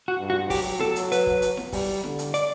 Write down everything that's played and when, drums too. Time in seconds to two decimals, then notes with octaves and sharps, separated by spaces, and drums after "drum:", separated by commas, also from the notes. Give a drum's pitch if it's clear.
0.08 F#4
0.19 G2
0.30 F#4
0.50 F#3 G4, drum: kick, open hi-hat
0.80 A4, drum: snare E4
0.96 drum: hi-hat
1.12 B4, drum: hi-hat
1.27 drum: kick
1.42 drum: hi-hat
1.57 drum: snare E4
1.72 G3, drum: kick, open hi-hat
2.04 D3, drum: snare E4
2.19 drum: hi-hat
2.34 D5, drum: hi-hat